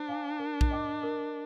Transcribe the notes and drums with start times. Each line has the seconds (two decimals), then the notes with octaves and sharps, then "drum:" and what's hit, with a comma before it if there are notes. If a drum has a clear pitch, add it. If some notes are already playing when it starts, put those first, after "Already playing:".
Already playing: D4 C5
0.08 F5 G#5 D6
0.39 A#4
0.61 drum: kick A#1
0.71 D#5 G5 D6
1.03 A#4